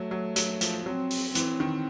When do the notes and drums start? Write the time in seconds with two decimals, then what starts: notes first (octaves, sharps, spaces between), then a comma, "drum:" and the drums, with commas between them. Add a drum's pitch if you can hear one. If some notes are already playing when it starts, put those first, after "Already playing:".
Already playing: F#3 A3
0.11 F#3
0.36 F#3, drum: hi-hat
0.61 F3, drum: hi-hat
0.85 F#3 C4
1.10 drum: open hi-hat
1.35 E3 C4, drum: hi-hat
1.60 D#3